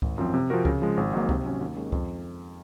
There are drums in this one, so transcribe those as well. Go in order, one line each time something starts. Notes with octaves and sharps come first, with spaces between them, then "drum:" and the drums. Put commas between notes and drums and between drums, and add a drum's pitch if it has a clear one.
G#1, drum: kick C#2
F#2 F3 C4
C3
F3 C4 F#4 A#4
C#3, drum: kick C#2
F3 G#3
G#1
G#2 F#3 A#3
C3, drum: kick C#2
F#3 C#4 F#4
D#2
D#3 G#3 C#4
F2, drum: kick C#2